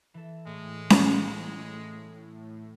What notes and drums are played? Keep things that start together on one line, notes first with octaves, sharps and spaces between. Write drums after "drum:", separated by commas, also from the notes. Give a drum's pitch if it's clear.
E3 A4
A2 G#3
drum: snare C#4